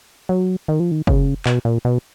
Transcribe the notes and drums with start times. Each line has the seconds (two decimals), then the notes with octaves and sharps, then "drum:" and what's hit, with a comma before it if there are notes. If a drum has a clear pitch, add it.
0.29 F#3
0.68 D#3
0.80 F3
0.91 D#3
1.07 C#3, drum: kick
1.46 B2, drum: clap
1.65 A#2
1.85 B2